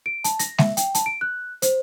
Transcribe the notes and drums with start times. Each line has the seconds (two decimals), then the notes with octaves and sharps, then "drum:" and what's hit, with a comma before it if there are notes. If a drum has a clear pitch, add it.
0.06 D7
0.24 A5, drum: hi-hat
0.39 A#6, drum: hi-hat
0.58 E5, drum: snare G#3
0.77 G5, drum: hi-hat
0.95 A5, drum: hi-hat
1.06 D7
1.21 F#6
1.62 C5, drum: hi-hat